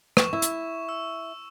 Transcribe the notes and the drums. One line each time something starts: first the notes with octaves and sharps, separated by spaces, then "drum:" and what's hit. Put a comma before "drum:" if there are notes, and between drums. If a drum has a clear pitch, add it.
C#6 E7, drum: rim click
E4
drum: hi-hat
E6